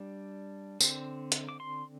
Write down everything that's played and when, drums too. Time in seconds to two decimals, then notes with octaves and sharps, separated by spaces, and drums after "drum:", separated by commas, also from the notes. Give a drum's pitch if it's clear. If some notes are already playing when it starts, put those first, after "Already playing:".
Already playing: G3 D4
0.81 D3 C4, drum: tambourine
1.32 drum: hi-hat
1.49 D6
1.60 C6